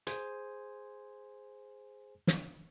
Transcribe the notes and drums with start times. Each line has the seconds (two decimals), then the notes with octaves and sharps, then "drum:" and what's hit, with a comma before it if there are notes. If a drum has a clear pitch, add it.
0.07 G#4 C5 G#5, drum: hi-hat
2.27 drum: snare